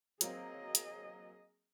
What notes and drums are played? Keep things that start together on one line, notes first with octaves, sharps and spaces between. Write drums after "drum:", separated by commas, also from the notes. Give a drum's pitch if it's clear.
F#3 A#3 C4 G#4 D#5, drum: hi-hat
drum: hi-hat